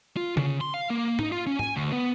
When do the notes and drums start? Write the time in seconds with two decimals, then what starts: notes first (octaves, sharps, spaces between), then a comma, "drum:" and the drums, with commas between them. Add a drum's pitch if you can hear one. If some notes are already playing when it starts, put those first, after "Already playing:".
0.17 F4
0.37 C#3, drum: tom D3
0.61 C6
0.74 F5
0.90 A#3
1.19 D#4, drum: tom G#2
1.32 F4
1.47 C#4
1.59 G#5, drum: tom G#2
1.76 D2
1.92 B3